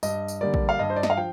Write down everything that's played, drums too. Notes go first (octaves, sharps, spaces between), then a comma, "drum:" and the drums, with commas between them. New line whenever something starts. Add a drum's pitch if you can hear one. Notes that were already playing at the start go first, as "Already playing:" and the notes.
G2 D#5, drum: tambourine
drum: tambourine
D3 G3 A#3 D5
drum: kick
F5
G2 D#5
C5
D5
D#5, drum: snare
F5
F3 G5